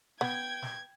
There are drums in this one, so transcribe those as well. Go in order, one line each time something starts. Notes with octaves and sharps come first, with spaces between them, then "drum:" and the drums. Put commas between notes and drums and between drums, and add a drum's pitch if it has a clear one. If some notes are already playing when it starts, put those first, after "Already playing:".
B3 G5 G#6, drum: snare
drum: snare